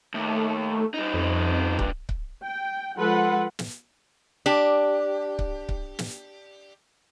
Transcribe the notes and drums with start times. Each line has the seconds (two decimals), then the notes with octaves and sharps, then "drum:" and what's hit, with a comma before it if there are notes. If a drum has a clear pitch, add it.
0.14 D#2 A3
0.94 G3 D#4
1.14 F2
1.79 A#1 G2, drum: kick C#1
2.09 drum: kick C#1
2.43 G5
2.97 F3 G#3 A4 B4 F#5 C6
3.59 drum: snare
4.46 D4 G4
5.39 drum: kick C#1
5.69 drum: kick C#1
5.99 drum: snare